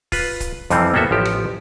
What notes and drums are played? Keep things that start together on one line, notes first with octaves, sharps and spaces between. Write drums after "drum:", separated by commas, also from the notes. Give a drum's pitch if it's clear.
F4 B4, drum: kick, open hi-hat
drum: kick, hi-hat
F2 C3 E3 G3 C4, drum: hi-hat
A#3 B3 F#4 A4 E5
A1 F3 G4
drum: rim click